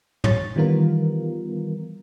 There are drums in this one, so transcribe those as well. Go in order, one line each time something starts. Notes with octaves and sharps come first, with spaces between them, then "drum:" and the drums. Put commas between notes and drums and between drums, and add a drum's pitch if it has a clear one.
C#5 A6, drum: tom A2
D#3 E3 G3 B3 F4 A#4